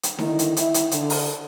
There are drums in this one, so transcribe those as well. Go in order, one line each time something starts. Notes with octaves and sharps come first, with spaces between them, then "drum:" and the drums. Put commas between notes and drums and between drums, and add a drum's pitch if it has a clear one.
drum: hi-hat
D3 D#3 E4, drum: snare D#4
drum: hi-hat
E4, drum: hi-hat
drum: hi-hat
D3, drum: hi-hat
drum: open hi-hat